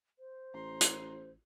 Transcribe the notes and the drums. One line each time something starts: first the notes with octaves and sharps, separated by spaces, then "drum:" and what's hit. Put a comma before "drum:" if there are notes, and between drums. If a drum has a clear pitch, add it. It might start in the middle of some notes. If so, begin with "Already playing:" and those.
C5
A1 A#5 C6
drum: hi-hat